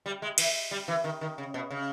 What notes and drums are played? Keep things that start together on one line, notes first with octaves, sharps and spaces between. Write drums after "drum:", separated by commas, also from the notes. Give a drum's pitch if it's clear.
G3
G#3
E3, drum: cymbal
G3
E3
D#3
D#3
C#3
B2
C#3